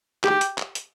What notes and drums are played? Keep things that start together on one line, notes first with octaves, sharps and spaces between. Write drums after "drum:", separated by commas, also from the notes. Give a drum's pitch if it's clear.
G4, drum: clap
drum: hi-hat
drum: clap
drum: hi-hat